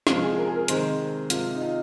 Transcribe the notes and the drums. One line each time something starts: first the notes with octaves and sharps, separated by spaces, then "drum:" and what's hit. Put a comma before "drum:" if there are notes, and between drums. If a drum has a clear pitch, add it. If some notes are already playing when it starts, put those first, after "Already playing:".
C3 F3 G#3 F4, drum: snare
G#4
A#4
G#4
A#4
C3 D#3 G#3 C5, drum: hi-hat
C3 G#3 F4, drum: hi-hat
D#4
F4